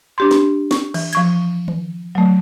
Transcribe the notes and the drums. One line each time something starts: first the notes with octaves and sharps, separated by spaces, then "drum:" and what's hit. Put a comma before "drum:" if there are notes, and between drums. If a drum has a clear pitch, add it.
D4 G4 C6
drum: snare
C#6, drum: snare
E3, drum: cymbal
F3 C#6 G#6, drum: hi-hat
drum: tom D#3
F#3 A3